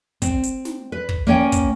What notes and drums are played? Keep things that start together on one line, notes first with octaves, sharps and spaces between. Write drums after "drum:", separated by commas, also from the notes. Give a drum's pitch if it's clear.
C4, drum: kick, hi-hat
drum: hi-hat
drum: snare
B4
drum: kick
A#3 C#4 C#5 G5
drum: kick, hi-hat